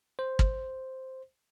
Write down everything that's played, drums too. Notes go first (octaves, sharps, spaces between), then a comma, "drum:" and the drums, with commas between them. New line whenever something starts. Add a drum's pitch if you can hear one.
C5
drum: kick